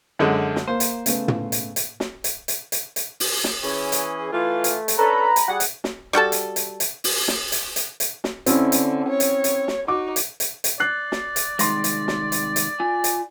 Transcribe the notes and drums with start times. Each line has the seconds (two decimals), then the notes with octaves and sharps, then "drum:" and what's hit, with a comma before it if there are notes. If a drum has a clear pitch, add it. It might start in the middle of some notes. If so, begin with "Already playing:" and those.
0.19 F#2 D3 G#3
0.56 drum: snare
0.68 A#3 C5
0.80 drum: hi-hat
1.06 C#3 A3 B3, drum: hi-hat
1.28 drum: tom
1.52 drum: hi-hat
1.76 drum: hi-hat
2.00 drum: snare
2.24 drum: hi-hat
2.48 drum: hi-hat
2.72 drum: hi-hat
2.96 drum: hi-hat
3.20 drum: open hi-hat
3.44 drum: snare
3.63 E3 C#4 G#4
3.92 drum: hi-hat
4.33 E3 A3 F4
4.64 drum: hi-hat
4.88 drum: hi-hat
4.98 C#4 D4 A4 B4 A#5 B5
5.36 drum: hi-hat
5.48 G3 G#4 F#5
5.60 drum: hi-hat
5.84 drum: snare
6.13 G3 F#4 A4 A5
6.32 drum: hi-hat
6.56 drum: hi-hat
6.80 drum: hi-hat
7.04 drum: open hi-hat
7.28 drum: snare
7.52 drum: hi-hat
7.76 drum: hi-hat
8.00 drum: hi-hat
8.24 drum: snare
8.46 D3 C4 C#4 E4, drum: hi-hat
8.72 drum: hi-hat
9.09 C#5
9.20 drum: hi-hat
9.44 drum: hi-hat
9.68 drum: snare
9.88 D#4 F#4 D6
10.16 drum: hi-hat
10.40 drum: hi-hat
10.64 drum: hi-hat
10.80 D5 F#6 C7
11.12 drum: snare
11.36 drum: hi-hat
11.59 C2 D#3 G#3 C6 A#6, drum: hi-hat
11.84 drum: hi-hat
12.08 drum: snare
12.32 drum: hi-hat
12.56 drum: hi-hat
12.80 F4 G#5
13.04 drum: hi-hat